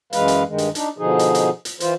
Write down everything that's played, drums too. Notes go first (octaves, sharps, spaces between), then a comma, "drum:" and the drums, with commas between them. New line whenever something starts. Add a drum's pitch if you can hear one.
F#2 E3 G#3 B4 F5, drum: hi-hat
drum: hi-hat
G2 D#3 G#3
drum: hi-hat
D4 D#4, drum: hi-hat
B2 D3 F3 D#4 G#4
drum: hi-hat
drum: hi-hat
drum: hi-hat
E3 F4 C5, drum: hi-hat